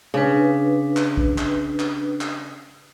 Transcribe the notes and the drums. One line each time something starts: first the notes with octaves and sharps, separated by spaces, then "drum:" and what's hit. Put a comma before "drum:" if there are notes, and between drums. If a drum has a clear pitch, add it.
C#3 D4 B4
drum: clap
drum: kick
drum: clap
drum: clap
drum: clap